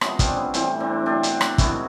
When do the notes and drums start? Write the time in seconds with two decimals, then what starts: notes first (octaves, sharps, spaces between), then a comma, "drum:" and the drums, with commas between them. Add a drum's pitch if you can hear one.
0.01 C3 F3 G#3 B3 C#4, drum: rim click
0.19 C4 D4, drum: kick, hi-hat
0.36 B3 C#4
0.54 A2 E3 G3 C4, drum: hi-hat
0.80 C4 D4
1.06 B2 F#3 A3 C4 D4
1.23 drum: hi-hat
1.41 drum: rim click
1.58 C3 D#3 G#3 E4 F#4, drum: kick, hi-hat